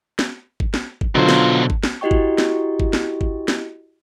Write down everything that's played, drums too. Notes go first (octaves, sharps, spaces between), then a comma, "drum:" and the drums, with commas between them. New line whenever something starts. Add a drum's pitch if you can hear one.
drum: snare
drum: kick
drum: snare
drum: kick
B2 D3 F#3 F4 C5
drum: snare
drum: kick
drum: snare
E4 F#4 G4 D#5 G5 C#6
drum: kick
drum: snare
drum: kick
drum: snare
drum: kick
drum: snare